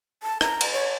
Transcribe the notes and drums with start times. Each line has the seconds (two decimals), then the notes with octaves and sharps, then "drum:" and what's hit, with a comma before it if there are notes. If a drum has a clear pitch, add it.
0.23 A5
0.41 A#5, drum: rim click
0.61 drum: cymbal
0.73 C#5